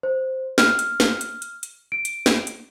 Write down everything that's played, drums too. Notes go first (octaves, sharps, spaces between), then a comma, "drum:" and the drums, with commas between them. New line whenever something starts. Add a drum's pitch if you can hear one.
C5
F6, drum: snare
drum: hi-hat
drum: snare
drum: hi-hat
drum: hi-hat
drum: hi-hat
D7
drum: hi-hat
drum: snare
drum: hi-hat